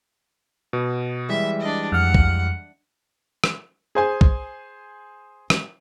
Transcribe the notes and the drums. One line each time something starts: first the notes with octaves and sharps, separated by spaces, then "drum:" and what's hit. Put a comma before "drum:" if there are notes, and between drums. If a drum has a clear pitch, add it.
B2 B3
E3 G3 G#3 E5
D4 D#5
F2 F#5 F6
drum: kick C2
drum: rim click
G#4 C5 G#5
drum: kick C2
drum: rim click